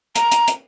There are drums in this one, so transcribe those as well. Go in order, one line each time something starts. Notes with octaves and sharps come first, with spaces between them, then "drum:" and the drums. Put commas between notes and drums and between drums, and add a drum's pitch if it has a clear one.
A#5, drum: hi-hat
drum: hi-hat
drum: hi-hat